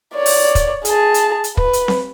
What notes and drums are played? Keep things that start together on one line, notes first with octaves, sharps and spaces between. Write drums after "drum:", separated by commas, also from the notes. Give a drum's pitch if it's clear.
C#5 D5
drum: open hi-hat
drum: kick, hi-hat
G#4 A5, drum: hi-hat
drum: hi-hat
drum: hi-hat
B4, drum: kick
drum: hi-hat
drum: snare C4